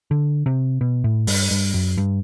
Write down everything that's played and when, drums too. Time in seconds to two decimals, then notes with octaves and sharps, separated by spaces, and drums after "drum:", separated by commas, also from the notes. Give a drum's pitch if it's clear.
0.11 D3
0.46 C3
0.81 B2
1.04 A2
1.27 G2, drum: open hi-hat
1.51 G2
1.74 F#2
1.97 G2